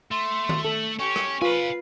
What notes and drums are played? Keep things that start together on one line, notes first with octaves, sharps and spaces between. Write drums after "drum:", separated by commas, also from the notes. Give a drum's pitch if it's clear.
A3 C6
drum: tom D#3
A4 F#7
C#4 G4 C#6
drum: rim click
F4 B4 F5 G#5